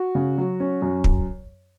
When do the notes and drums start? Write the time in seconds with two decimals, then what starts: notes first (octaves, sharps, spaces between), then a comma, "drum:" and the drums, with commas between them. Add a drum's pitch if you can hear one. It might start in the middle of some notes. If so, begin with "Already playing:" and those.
Already playing: F#4
0.15 C#3
0.38 F#3
0.60 C#4
0.82 F#2
1.04 drum: kick